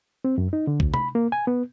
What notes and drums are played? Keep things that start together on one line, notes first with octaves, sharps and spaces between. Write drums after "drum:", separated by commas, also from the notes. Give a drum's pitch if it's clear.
C4
F#2
D#4
D3
D2, drum: kick B1
B5, drum: tom C3
A#3
G#5
B3